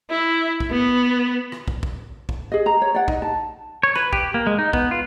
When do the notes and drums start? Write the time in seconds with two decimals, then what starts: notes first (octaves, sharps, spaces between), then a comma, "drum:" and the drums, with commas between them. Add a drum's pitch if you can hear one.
0.10 E4
0.60 drum: kick
0.71 B3
1.52 drum: rim click
1.68 drum: kick
1.83 drum: kick
2.29 drum: kick
2.52 G#4 D#5
2.66 A#5
2.82 C#5
2.94 D5 F#5
3.08 D#4, drum: kick
3.22 A5
3.83 C#5
3.96 B4, drum: rim click
4.13 G4, drum: kick
4.34 A#3
4.47 G#3
4.58 D#4
4.73 B3, drum: kick
4.91 F4